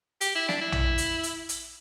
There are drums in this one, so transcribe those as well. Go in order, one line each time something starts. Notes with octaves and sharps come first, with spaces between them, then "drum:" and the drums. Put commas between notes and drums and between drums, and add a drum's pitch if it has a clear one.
G4, drum: hi-hat
E4
D4, drum: snare
E4
drum: tom A#1
drum: hi-hat
drum: hi-hat
drum: hi-hat